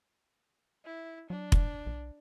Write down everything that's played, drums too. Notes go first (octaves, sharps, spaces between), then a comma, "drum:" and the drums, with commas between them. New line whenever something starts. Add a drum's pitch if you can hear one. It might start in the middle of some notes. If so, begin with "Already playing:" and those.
E4
F#3 D4
drum: kick F1
B1